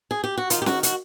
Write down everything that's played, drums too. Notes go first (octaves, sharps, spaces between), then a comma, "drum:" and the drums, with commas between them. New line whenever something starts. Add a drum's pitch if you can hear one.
G#4
G4
F#4
D#3 F4, drum: hi-hat
G4
F#4, drum: snare
F#4, drum: hi-hat